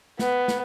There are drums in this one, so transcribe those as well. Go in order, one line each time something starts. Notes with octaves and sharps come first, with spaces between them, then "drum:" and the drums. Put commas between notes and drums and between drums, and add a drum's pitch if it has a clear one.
B3, drum: snare
drum: snare